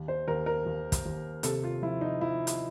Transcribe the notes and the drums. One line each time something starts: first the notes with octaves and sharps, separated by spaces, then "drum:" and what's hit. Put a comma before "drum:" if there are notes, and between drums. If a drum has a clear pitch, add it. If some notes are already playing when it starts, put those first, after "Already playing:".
Already playing: D#2
C5
D#2 A#4
A#4
D#2
drum: kick, hi-hat
D#2
C3 A4, drum: hi-hat
F4
F3 E4
D#4
F3 E4
drum: hi-hat